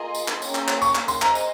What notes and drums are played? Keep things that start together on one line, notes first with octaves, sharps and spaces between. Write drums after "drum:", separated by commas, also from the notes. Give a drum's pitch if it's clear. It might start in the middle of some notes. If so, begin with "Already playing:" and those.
Already playing: A#3 F4 G#4 D#5 C6
drum: tambourine
drum: clap
A#3 C#4 G#4 C#5 G5, drum: tambourine
drum: clap
drum: clap
C#6, drum: tambourine
drum: clap
C6, drum: tambourine
G#4 C5 D#5 A#5, drum: clap
drum: tambourine